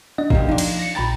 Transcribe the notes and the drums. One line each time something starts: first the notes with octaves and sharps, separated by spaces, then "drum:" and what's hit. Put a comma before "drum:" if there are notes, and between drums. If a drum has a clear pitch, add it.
D4 D#5 F#5
A#3 C4 G4, drum: kick
F3 D4 D#4
drum: cymbal
A#6 C#7
A#1 G5 A#5 B5 A6